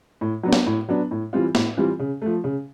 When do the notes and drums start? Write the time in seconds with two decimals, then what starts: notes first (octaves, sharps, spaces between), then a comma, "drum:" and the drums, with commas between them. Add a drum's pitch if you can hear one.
0.21 A2
0.43 F#3 B3 D4
0.53 drum: snare
0.66 A2
0.89 F#3 B3 D4
1.11 A2
1.33 E3 G3 C4 F4
1.55 A2, drum: snare
1.77 E3 G3 C4 F4
1.99 C#3
2.22 F3 A3
2.44 C#3